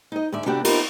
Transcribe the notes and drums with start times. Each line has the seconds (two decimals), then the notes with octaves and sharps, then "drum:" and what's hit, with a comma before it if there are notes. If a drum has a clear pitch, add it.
0.12 D#4 D#5
0.32 D2 G#2 D5 E5
0.46 C3 A3 B3 D4 F#4 G4
0.64 B3 C4 D#4 F4 G4 A#4, drum: cymbal